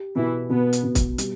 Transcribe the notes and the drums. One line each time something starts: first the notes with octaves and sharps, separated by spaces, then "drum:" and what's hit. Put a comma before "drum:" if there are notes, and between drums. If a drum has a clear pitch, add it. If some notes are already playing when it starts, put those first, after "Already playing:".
Already playing: G4
B2 E3 E4
B2 B3
drum: hi-hat
B2
drum: kick, hi-hat
G3, drum: hi-hat